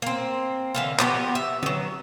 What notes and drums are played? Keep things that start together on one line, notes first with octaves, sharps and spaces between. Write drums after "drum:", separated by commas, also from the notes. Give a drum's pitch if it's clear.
A#3 C4
D3 E3 F5
F3 B3 F#4 G4, drum: clap
E5
F#3 B3, drum: tom